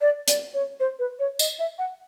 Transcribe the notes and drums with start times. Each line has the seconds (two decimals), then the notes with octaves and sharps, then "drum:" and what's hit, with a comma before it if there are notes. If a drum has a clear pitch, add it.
0.01 D5
0.28 D5, drum: hi-hat
0.54 C#5
0.80 C5
0.99 B4
1.19 C#5
1.39 D#5, drum: tambourine
1.59 E5
1.78 F#5